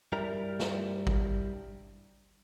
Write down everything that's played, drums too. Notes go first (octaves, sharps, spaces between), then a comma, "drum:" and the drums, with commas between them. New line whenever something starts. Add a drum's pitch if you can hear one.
G2 G3 E4 A#4
drum: snare
drum: kick G#1